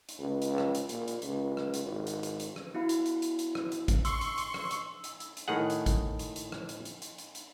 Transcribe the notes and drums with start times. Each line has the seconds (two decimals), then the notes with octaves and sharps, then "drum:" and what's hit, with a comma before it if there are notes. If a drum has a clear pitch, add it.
0.09 drum: hi-hat
0.19 C#2
0.42 drum: hi-hat
0.58 drum: rim click
0.75 drum: hi-hat
0.89 A#2, drum: hi-hat
1.08 drum: hi-hat
1.22 C#2, drum: hi-hat
1.57 drum: rim click
1.74 drum: hi-hat
1.84 G#1
2.07 drum: hi-hat
2.23 drum: hi-hat
2.40 drum: hi-hat
2.56 drum: rim click
2.74 B3 E4 F#4 F5 B5
2.89 drum: hi-hat
3.06 drum: hi-hat
3.22 drum: hi-hat
3.39 drum: hi-hat
3.55 drum: rim click
3.72 drum: hi-hat
3.88 drum: kick A1, hi-hat
4.05 C6 C#6 E6, drum: hi-hat
4.21 drum: hi-hat
4.38 drum: hi-hat
4.54 drum: rim click
4.71 drum: hi-hat
5.04 drum: hi-hat
5.20 drum: hi-hat
5.37 drum: hi-hat
5.48 A2 D#3 G#4 F#5
5.70 drum: hi-hat
5.86 drum: kick A1, hi-hat
6.19 drum: hi-hat
6.36 drum: hi-hat
6.52 drum: rim click
6.69 drum: hi-hat
6.85 drum: hi-hat
7.02 drum: hi-hat
7.18 drum: hi-hat
7.35 drum: hi-hat